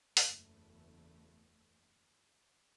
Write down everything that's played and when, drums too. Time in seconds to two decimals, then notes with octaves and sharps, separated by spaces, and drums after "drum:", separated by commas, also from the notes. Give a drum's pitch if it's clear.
0.17 F#1 E2 A3, drum: open hi-hat